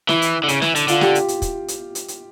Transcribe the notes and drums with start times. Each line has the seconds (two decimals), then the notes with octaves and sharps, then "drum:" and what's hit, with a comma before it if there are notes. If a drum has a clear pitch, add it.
0.09 E3 E4, drum: snare
0.22 drum: hi-hat
0.44 D3
0.48 C#3, drum: hi-hat
0.62 E3, drum: snare
0.75 D3, drum: hi-hat
0.88 D3 F4, drum: hi-hat
1.01 G4, drum: snare
1.15 drum: hi-hat
1.28 drum: hi-hat
1.42 drum: kick, hi-hat
1.68 drum: hi-hat
1.95 drum: hi-hat
2.08 drum: hi-hat